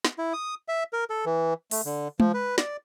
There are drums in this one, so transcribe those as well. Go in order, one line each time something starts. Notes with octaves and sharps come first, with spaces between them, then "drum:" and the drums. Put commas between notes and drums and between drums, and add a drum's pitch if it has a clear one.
drum: snare
E4
D#6
E5
A#4
A4
E3
A3, drum: open hi-hat
D3
F3, drum: tom G#3
B4
D5, drum: snare